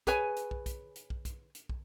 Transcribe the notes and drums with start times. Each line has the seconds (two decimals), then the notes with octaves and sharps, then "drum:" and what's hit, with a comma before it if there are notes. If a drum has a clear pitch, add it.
0.07 G#4 B4 C#5 G#5, drum: kick, hi-hat
0.36 drum: hi-hat
0.51 drum: kick
0.66 drum: kick, hi-hat
0.96 drum: hi-hat
1.10 drum: kick
1.25 drum: kick, hi-hat
1.55 drum: hi-hat
1.69 drum: kick